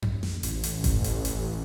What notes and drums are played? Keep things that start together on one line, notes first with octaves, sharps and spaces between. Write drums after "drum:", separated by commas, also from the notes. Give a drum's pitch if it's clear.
drum: tom F2
drum: snare
A1, drum: hi-hat
drum: hi-hat
drum: kick G1, hi-hat
drum: hi-hat
drum: hi-hat